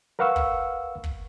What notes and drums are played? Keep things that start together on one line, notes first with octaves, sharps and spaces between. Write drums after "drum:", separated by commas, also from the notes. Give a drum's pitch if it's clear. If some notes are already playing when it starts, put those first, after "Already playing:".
A#4 B4 F5 F#5 C#6 E6
drum: kick
drum: kick